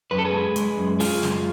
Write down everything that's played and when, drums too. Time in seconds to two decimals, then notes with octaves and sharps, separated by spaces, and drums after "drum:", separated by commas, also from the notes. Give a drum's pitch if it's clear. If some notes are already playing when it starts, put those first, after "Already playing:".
0.11 F#2 B4
0.18 A4
0.25 G#4 B4
0.33 G#3
0.56 G#3, drum: hi-hat
0.77 F#2
1.00 G#3 F4 G#4, drum: open hi-hat
1.23 F#2, drum: snare